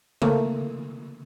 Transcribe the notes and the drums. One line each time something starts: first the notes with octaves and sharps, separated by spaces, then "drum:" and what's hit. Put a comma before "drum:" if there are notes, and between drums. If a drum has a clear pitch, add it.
A3 A#3, drum: tom C#3